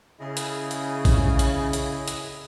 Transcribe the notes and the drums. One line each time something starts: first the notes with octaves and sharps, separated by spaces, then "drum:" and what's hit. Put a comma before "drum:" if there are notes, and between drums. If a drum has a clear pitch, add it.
C#3 E4 G#4 D#5
drum: hi-hat
drum: hi-hat
drum: kick A#1, open hi-hat
drum: hi-hat
drum: hi-hat
drum: hi-hat